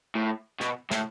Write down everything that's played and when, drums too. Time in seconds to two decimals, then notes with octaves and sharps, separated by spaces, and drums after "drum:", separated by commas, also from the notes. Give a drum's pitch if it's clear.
0.15 A2
0.61 B2, drum: snare
0.91 A2, drum: snare